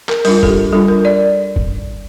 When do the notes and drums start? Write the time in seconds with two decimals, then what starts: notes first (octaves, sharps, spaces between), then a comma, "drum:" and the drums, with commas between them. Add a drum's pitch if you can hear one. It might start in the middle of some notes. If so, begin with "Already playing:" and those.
0.09 A#4, drum: clap
0.25 G3 D4 F4 A#4, drum: open hi-hat
0.43 A4, drum: kick
0.49 G4
0.73 G3 D4 F4 A4
0.88 A#4
1.05 D5
1.56 drum: kick